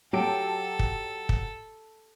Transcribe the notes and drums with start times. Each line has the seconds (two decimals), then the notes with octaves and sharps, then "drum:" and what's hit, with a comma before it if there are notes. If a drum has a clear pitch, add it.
0.13 F#3 G4 A4 A5 D7
0.79 drum: kick
1.29 drum: kick